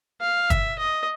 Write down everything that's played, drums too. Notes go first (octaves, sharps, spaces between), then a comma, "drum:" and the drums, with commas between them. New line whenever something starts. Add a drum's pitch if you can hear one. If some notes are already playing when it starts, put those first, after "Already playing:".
F5
E5, drum: kick, hi-hat
D#5